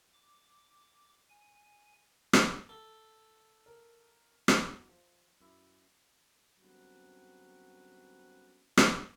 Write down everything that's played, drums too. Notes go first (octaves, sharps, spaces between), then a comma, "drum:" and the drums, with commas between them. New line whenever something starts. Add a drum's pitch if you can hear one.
D6
G#5
drum: rim click
A4 G7
A#4
drum: rim click
E2 F#3 D#5
F3
F#2 E4
G1 F#3 A#3 C4 C#4 B4
drum: rim click